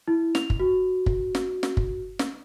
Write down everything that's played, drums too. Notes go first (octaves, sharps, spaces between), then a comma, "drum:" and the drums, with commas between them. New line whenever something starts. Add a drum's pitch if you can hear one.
E4
F7, drum: snare
drum: kick
F#4
drum: kick
drum: snare
drum: snare
drum: kick
drum: snare